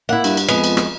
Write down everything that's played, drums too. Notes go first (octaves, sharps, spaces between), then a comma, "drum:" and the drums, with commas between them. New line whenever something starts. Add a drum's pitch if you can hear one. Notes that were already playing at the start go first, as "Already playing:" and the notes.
A#3 E4 F#5
G2, drum: cymbal
drum: cymbal
F2 G#3 B3, drum: cymbal
drum: cymbal
drum: rim click